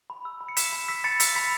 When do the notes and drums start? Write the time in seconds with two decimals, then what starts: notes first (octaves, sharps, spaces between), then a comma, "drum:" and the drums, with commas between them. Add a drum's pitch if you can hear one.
0.10 B5
0.25 E6
0.41 B5
0.48 C#7
0.57 E6 B6 E7, drum: hi-hat
0.72 B5
0.88 E6 B6
1.04 B5 A6 C#7
1.20 E6 B6, drum: hi-hat
1.35 B5 B6